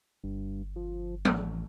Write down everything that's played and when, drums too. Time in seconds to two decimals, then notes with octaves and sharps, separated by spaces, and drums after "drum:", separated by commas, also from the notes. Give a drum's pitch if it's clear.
0.24 G1 G2
0.76 F3
1.25 A1, drum: tom F3